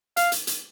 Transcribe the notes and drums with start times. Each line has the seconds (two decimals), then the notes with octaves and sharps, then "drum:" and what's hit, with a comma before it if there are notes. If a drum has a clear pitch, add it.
0.17 F5, drum: hi-hat
0.32 drum: hi-hat
0.47 drum: hi-hat